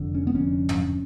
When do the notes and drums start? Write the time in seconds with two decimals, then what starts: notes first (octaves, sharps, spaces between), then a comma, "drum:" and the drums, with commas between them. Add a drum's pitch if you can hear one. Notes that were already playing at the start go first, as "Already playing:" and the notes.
Already playing: F1 F2 D3
0.15 C#4
0.27 B3
0.35 F1 F2 D3 C#4
0.69 drum: tom